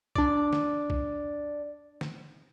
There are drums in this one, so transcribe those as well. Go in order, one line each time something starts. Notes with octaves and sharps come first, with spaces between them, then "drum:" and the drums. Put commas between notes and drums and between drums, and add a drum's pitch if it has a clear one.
D4 D5, drum: kick
drum: snare
drum: kick
drum: snare